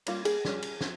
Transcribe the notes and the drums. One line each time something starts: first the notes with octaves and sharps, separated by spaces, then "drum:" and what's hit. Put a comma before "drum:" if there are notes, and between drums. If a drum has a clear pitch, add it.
G3 A#3 C#4 F4, drum: cymbal
G#4, drum: cymbal
G3 C#4, drum: snare
drum: cymbal
C4, drum: snare